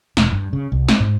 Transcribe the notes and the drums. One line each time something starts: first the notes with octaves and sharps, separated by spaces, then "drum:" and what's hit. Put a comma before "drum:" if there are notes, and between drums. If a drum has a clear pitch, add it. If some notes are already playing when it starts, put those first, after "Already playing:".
E1, drum: snare
G2
C#3
C2
C4, drum: snare
G#2